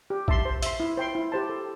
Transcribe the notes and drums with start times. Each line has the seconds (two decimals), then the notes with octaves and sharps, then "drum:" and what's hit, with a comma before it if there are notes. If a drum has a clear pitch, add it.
0.10 G4
0.28 E5 A5 C6, drum: kick
0.45 C5
0.63 E5 C6, drum: hi-hat
0.80 E4
0.97 C5 G5 C6
1.15 E4
1.32 G4 C5 A5
1.49 A4